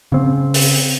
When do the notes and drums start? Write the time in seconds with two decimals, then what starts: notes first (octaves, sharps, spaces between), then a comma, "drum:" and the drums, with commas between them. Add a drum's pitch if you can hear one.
0.12 C#3 C4
0.54 drum: open hi-hat